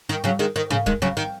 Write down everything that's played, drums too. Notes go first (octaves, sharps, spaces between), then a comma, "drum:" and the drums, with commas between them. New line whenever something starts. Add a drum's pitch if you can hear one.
D#3
C#3 F#3
D#3 G#3
D#3
C#3, drum: tom G#2
D#3 G#3, drum: kick
C#3 F#3
D#3